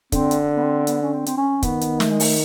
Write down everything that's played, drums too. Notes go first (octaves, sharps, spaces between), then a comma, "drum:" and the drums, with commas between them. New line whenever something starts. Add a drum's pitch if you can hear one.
D3 C4, drum: kick, hi-hat
drum: hi-hat
B3
C4
B3, drum: hi-hat
C#4
C4
C4, drum: hi-hat
C#4
D#3 B3, drum: kick, hi-hat
drum: hi-hat
A3, drum: snare
G#3
A3, drum: open hi-hat